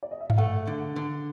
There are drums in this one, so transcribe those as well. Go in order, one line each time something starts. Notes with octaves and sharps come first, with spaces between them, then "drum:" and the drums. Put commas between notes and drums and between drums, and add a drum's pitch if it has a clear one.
D5
D#5
E5
F5, drum: tom G2
A3 F#5
D3
D3